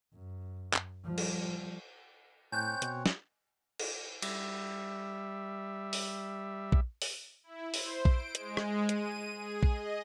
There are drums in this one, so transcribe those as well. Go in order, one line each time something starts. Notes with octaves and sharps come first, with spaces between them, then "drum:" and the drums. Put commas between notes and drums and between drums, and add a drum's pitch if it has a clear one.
F#2
drum: clap
F3 G3
drum: cymbal
A2 C4 C#5 G#5 A5 F#6 G6
B2, drum: hi-hat
drum: snare
drum: cymbal
G3 E5, drum: cymbal
drum: open hi-hat
drum: kick A#1
drum: open hi-hat
E4
C5, drum: open hi-hat
D7, drum: kick A#1
G#3, drum: hi-hat
drum: rim click
D#7, drum: hi-hat
G#4
drum: kick A#1
D#5